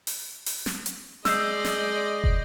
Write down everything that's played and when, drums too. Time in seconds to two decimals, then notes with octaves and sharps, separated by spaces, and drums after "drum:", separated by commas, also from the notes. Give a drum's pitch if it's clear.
0.07 drum: open hi-hat
0.46 drum: open hi-hat
0.66 drum: snare
0.86 drum: hi-hat
1.25 G#3 D5 D#5 D#6 E6 G6 C7, drum: snare
1.65 drum: snare
2.24 drum: kick